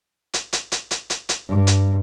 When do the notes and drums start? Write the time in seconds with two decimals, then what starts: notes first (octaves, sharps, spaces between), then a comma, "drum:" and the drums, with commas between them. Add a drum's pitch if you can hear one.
0.34 drum: hi-hat
0.53 drum: hi-hat
0.72 drum: hi-hat
0.91 drum: hi-hat
1.10 drum: hi-hat
1.29 drum: hi-hat
1.48 G2
1.67 drum: hi-hat